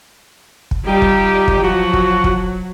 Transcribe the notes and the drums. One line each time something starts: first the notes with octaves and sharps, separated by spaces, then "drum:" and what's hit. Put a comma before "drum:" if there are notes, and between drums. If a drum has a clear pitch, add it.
drum: kick
G3 D#4 F4 G4
drum: kick
drum: kick
F3 F#3 F#4
drum: kick
drum: kick